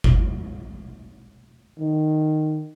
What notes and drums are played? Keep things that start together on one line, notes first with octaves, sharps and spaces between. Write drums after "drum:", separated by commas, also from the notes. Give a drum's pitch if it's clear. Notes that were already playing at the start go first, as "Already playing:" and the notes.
drum: kick G1
D#3